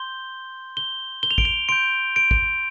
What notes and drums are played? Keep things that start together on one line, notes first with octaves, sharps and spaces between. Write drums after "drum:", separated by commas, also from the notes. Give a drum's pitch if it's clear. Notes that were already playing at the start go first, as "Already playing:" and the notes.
Already playing: C6 G6 G7
G7
G7
F7
D7, drum: kick
F7
C6 G6 D7
D7
drum: kick